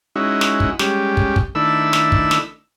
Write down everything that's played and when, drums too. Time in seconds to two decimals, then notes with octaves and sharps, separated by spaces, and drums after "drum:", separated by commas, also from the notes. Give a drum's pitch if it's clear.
0.16 G#3 C#4 D#4 E4 F#4
0.41 drum: snare
0.60 drum: kick
0.79 G3 G#3 C#4 G4, drum: snare
1.17 drum: kick
1.36 drum: kick
1.55 D#3 A3 D4 E4 B5 E6
1.93 drum: snare
2.12 drum: kick
2.31 drum: snare